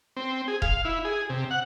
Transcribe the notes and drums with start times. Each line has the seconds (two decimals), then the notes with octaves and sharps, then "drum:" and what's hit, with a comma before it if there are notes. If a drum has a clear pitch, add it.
0.17 C4
0.48 G#4
0.62 F5, drum: kick E1
0.85 E4
1.05 G#4
1.30 C3
1.51 F#5